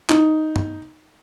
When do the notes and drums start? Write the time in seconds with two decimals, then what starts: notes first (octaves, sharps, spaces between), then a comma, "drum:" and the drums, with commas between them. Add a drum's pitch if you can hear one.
0.09 D#4, drum: clap
0.56 drum: tom